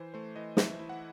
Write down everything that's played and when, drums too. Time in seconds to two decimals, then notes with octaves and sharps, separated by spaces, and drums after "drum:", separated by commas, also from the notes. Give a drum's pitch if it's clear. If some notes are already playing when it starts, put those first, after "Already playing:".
Already playing: E3 C5
0.14 A3 C5
0.36 E3 D#5
0.57 E3 E5, drum: snare
0.79 E4
0.89 F#5